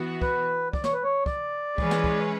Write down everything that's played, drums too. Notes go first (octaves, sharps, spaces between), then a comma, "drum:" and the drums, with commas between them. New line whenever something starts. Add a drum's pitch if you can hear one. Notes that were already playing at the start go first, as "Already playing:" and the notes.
Already playing: E3 B3 F#4
B4, drum: kick
D5, drum: kick
C#5, drum: snare
B4
C#5
D5, drum: kick
E3 G#3 C#4 G#4 B4, drum: kick
drum: snare
drum: kick